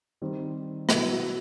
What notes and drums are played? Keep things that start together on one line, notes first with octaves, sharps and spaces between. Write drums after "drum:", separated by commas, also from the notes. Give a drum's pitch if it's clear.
D#3 G3 C4
B2 F#3 B3 E4, drum: rim click